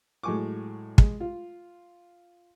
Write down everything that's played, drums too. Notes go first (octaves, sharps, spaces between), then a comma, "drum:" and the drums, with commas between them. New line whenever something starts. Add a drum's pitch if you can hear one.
A2 F#3 G#3 G#5 C#6 D6
G#3, drum: kick
F4